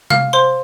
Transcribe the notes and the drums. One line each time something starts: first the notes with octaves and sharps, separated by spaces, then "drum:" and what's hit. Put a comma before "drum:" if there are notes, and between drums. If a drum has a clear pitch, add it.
F5 F6, drum: tom C3
C5 C6